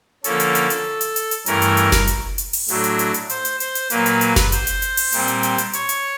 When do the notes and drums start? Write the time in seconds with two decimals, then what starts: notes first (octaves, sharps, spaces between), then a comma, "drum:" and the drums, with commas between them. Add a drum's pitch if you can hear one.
0.24 D3 F3 A#3 C#4 A4, drum: hi-hat
0.40 drum: hi-hat
0.55 drum: hi-hat
0.70 drum: hi-hat
1.01 drum: hi-hat
1.16 drum: hi-hat
1.31 drum: hi-hat
1.46 G2 E3 A3 C#4 A#4, drum: hi-hat
1.62 drum: hi-hat
1.77 drum: hi-hat
1.92 drum: snare F#1
2.07 drum: hi-hat
2.38 drum: hi-hat
2.53 drum: open hi-hat
2.68 A2 F#3 A3 D4, drum: hi-hat
2.84 drum: hi-hat
2.99 drum: hi-hat
3.14 drum: hi-hat
3.30 C5, drum: hi-hat
3.45 drum: hi-hat
3.60 C5, drum: hi-hat
3.75 drum: hi-hat
3.90 A#2 F#3 A#3 B4, drum: hi-hat
4.06 drum: hi-hat
4.21 drum: hi-hat
4.36 drum: snare F#1
4.52 C5, drum: hi-hat
4.67 drum: hi-hat
4.82 drum: hi-hat
4.97 drum: open hi-hat
5.12 A#2 G3 C4, drum: hi-hat
5.28 drum: hi-hat
5.43 drum: hi-hat
5.58 drum: hi-hat
5.73 C#5, drum: hi-hat
5.89 drum: hi-hat